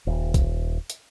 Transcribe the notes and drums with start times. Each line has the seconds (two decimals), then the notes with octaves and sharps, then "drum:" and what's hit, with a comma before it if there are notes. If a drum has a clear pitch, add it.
0.07 D#1
0.34 drum: kick, hi-hat
0.90 drum: hi-hat